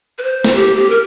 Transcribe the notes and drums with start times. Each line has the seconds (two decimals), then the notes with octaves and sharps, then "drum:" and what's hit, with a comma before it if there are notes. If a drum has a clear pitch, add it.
0.18 B4
0.23 C5
0.44 drum: snare
0.55 G4
0.76 G4
0.90 A#4